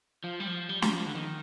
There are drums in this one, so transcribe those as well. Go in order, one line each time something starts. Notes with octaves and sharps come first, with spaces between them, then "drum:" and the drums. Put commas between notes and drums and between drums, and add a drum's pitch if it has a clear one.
F3
G3
F3
G3
G3, drum: snare
F3
D3
D#3